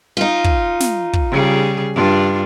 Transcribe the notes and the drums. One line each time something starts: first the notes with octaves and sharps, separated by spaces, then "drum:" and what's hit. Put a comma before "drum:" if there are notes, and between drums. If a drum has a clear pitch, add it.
D#4 F4
drum: kick
drum: snare
drum: kick
C#3 G3 G#4
G2 D4 F4